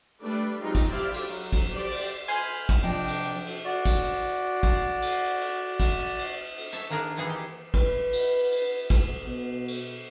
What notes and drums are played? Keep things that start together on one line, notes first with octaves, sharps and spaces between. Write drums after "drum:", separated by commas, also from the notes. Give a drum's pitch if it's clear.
G3 A3 D4 B4 D5
F#3 G#3 C4 D#4 F4 G4
drum: kick, cymbal
E4 G4 C5 D5 F5
drum: cymbal
F#3
drum: kick, cymbal
G4 C5 D5
drum: cymbal
G#5 B5 C6 F6 G6, drum: cymbal
drum: kick, cymbal
C3 F3 D4 D#5 G5
drum: cymbal
drum: cymbal
F#4 D5
drum: kick, cymbal
drum: kick, cymbal
drum: cymbal
drum: cymbal
drum: kick, cymbal
drum: cymbal
drum: cymbal
C#5 E5 A5
D#3 A#3 D4 G#4 A#4
D#3 E3 A#3 D#4 G#4
G4
B4, drum: kick, cymbal
drum: cymbal
drum: cymbal
drum: kick, cymbal
B2
drum: cymbal